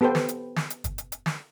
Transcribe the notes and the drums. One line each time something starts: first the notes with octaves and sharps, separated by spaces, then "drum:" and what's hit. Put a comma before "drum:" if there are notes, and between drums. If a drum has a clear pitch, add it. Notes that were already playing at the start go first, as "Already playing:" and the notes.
B3 G4 A4 B4 C5 G5
drum: snare
drum: hi-hat
drum: snare
drum: hi-hat
drum: kick, hi-hat
drum: hi-hat
drum: hi-hat
drum: snare